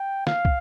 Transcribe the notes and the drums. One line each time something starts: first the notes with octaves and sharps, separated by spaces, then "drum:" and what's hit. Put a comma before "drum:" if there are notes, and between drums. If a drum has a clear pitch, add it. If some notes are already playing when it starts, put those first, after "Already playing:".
Already playing: G5
F5, drum: snare
drum: kick